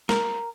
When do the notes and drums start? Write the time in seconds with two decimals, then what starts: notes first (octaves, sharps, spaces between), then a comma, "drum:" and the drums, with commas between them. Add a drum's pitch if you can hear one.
0.09 A#4, drum: snare